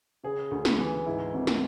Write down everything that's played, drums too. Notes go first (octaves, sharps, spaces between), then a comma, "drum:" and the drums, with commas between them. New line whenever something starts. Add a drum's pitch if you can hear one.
C#3 G#4
D2
drum: snare
E3
G#2 E4
G#1
drum: snare